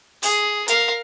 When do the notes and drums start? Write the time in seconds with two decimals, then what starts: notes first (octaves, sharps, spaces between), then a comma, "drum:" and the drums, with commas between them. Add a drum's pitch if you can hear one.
0.23 G#4, drum: open hi-hat
0.68 A#4 F5, drum: hi-hat